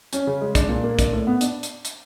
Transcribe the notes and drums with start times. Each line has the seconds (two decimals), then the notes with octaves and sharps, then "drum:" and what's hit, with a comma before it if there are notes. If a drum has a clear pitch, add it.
0.13 C#4, drum: hi-hat
0.27 C#3
0.41 G#3
0.55 D4, drum: kick, hi-hat
0.69 A#2
0.84 A#3
0.99 D4, drum: kick, hi-hat
1.13 A2
1.27 B3
1.41 D4, drum: hi-hat
1.63 drum: hi-hat
1.85 drum: hi-hat